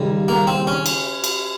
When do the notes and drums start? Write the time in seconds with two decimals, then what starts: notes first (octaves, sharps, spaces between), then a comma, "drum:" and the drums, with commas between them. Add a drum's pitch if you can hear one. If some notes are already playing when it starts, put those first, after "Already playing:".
Already playing: D#2 C#3 G3
0.28 A#3
0.47 C4
0.67 C#4
0.86 drum: cymbal
1.24 drum: cymbal